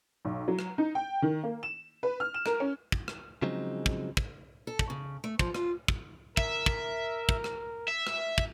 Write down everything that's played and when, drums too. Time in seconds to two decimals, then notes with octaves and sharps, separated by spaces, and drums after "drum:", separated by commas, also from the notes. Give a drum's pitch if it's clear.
0.25 B1
0.48 F#3
0.59 drum: rim click
0.78 D#4
0.95 G5
1.22 D#3
1.43 A#3
1.63 E7
2.03 B4
2.20 F6
2.34 E7
2.46 A#4, drum: rim click
2.60 C#4
2.92 drum: kick
3.08 drum: rim click
3.42 C#3 F3 F#3 G#3 C4 D#4
3.86 drum: kick
4.17 drum: kick
4.67 A4
4.79 drum: kick
4.90 C#3
5.24 A3
5.39 F3, drum: kick
5.54 F4, drum: rim click
5.88 drum: kick
6.37 A#4 E5, drum: kick
6.66 drum: kick
7.29 drum: kick
7.44 drum: rim click
7.88 E5
8.07 drum: rim click
8.38 drum: kick